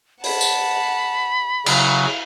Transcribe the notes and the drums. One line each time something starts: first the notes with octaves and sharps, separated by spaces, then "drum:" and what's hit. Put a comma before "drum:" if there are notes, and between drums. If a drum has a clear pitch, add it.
F#5 A5 B5, drum: open hi-hat
drum: tambourine
C#3 F#3 E4 F5, drum: cymbal